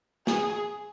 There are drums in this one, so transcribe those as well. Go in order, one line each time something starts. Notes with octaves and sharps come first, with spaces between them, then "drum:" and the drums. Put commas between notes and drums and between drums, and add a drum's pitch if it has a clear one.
G#4, drum: snare